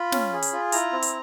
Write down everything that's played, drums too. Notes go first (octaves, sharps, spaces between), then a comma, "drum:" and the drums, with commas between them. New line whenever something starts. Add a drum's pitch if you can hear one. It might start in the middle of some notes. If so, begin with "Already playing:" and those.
Already playing: F4 B5
C#4, drum: snare
G#4
drum: hi-hat
F4
E4 A#5, drum: hi-hat
C4
drum: hi-hat